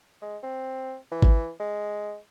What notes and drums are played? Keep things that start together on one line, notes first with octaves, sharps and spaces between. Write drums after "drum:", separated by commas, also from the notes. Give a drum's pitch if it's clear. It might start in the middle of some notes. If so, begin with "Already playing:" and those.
G#3
C4
E3
drum: kick G#1
G#3